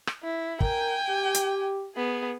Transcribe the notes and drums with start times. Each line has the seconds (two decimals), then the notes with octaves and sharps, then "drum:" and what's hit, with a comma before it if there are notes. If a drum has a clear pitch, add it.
0.07 drum: rim click
0.23 E4
0.61 A#4 G5 G#5, drum: kick
1.09 G4
1.34 drum: hi-hat
1.95 B3 G#4